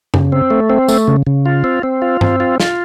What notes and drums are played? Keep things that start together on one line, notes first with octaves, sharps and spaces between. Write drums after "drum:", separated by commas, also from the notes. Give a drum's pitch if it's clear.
C#3, drum: tom F#2
C4
A3
C4
A3, drum: tambourine
C#3
C#3
F4
C4
C4
F4
C4, drum: tom
F4
F4, drum: snare